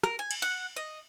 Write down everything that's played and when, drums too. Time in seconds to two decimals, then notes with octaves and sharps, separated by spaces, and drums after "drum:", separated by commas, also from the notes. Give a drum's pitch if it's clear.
0.03 A#4, drum: rim click
0.19 G#5
0.31 drum: cymbal
0.42 F#5
0.76 D#5